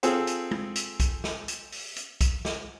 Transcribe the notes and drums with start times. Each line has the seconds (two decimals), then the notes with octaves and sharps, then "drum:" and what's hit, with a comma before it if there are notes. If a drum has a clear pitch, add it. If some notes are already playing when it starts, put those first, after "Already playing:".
0.03 C4 F4 G#4 A4, drum: hi-hat
0.27 drum: hi-hat
0.51 drum: tom G#3
0.75 drum: hi-hat
1.00 drum: kick B1, hi-hat
1.24 drum: snare
1.48 drum: hi-hat
1.72 drum: open hi-hat
1.96 drum: hi-hat
2.21 drum: kick B1, hi-hat
2.45 drum: snare